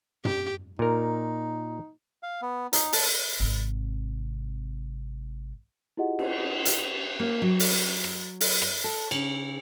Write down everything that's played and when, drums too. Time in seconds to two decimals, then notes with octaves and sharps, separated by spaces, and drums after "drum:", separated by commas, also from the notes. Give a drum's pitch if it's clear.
0.25 G4, drum: tom
0.79 A#2 D#4 A#4
2.23 F5
2.42 B3
2.73 D#4, drum: hi-hat
2.93 A5, drum: open hi-hat
3.40 G#1 C3
5.97 E4 F4 G4 G#4 D#5 F#5
6.19 drum: cymbal
6.65 drum: hi-hat
7.20 A#3
7.42 F#3
7.60 drum: open hi-hat
8.04 drum: rim click
8.41 drum: open hi-hat
8.62 drum: rim click
8.84 A4
9.11 C#3, drum: cymbal